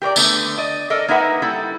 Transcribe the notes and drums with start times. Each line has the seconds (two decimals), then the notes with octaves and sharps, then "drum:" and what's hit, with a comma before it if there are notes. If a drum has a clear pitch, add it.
0.02 G4 A#4 C#5 D5
0.16 D3 A3 B3, drum: tambourine
0.58 D5 D#5
0.90 A4 A#4 D5 D#5
1.08 A#3 D#4 A#4 B4 E5 F#5
1.42 G3 E4 A4